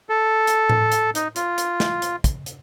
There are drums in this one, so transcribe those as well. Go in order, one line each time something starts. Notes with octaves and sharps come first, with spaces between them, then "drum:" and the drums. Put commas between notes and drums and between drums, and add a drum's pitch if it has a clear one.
A4
drum: hi-hat
drum: tom A2
drum: hi-hat
D#4, drum: hi-hat
F4, drum: hi-hat
drum: hi-hat
drum: snare
drum: hi-hat
drum: kick, hi-hat
drum: hi-hat